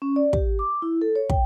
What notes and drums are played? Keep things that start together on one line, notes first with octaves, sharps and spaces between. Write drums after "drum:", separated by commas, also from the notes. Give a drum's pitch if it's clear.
C#4
D5
G4, drum: kick
D6
E4
A4
C#5
G5, drum: kick